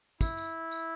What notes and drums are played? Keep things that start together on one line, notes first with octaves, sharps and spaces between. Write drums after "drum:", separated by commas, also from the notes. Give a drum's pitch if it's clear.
E4, drum: kick, tambourine
drum: tambourine
drum: tambourine